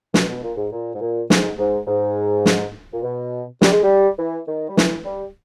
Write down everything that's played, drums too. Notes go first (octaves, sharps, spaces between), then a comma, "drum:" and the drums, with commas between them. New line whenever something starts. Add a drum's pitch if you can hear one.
B2, drum: snare
B2
A#2
G#2
A#2
G#2
A#2
G#2, drum: snare
G#2
G#2
drum: snare
A#2
B2
G3, drum: snare
G#3
G3
E3
D#3
G3
E3, drum: snare
G3